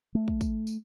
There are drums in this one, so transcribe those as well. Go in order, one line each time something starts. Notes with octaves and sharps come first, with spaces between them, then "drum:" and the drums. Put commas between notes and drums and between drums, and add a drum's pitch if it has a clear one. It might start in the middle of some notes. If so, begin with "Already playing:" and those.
A3
drum: kick
drum: kick, tambourine
drum: tambourine